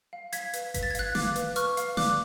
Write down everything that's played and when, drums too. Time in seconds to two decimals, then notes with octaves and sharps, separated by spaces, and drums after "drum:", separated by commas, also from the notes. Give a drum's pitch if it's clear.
0.13 F5
0.33 F5 G#6 B6, drum: hi-hat
0.53 B4, drum: hi-hat
0.74 B4 B6, drum: kick G1, hi-hat
0.83 A6
0.91 G#6
0.95 F5 F#6 A6, drum: hi-hat
1.15 F5 D6 F#6, drum: snare
1.36 B4, drum: hi-hat
1.56 B4 C#6 F6, drum: hi-hat
1.77 F5, drum: hi-hat
1.97 D5 D6 F#6, drum: snare